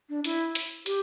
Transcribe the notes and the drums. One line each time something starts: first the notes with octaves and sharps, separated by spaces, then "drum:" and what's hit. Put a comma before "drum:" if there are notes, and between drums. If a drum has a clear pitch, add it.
D4
E4, drum: hi-hat
drum: hi-hat
G4, drum: hi-hat